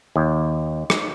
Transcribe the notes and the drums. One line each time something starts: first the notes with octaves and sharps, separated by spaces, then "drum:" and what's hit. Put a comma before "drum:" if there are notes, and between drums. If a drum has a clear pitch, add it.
D#2
drum: rim click